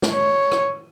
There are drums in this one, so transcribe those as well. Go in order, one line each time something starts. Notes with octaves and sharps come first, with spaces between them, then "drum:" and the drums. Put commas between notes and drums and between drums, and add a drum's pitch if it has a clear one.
drum: snare
C#5
drum: rim click